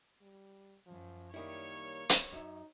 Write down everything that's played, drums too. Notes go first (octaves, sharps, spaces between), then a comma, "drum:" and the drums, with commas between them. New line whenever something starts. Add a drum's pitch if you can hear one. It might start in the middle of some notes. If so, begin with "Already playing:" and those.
G3
F#2 F3
D#3 G3 A#3 E4 C#5
drum: hi-hat
F#2 D#4 E5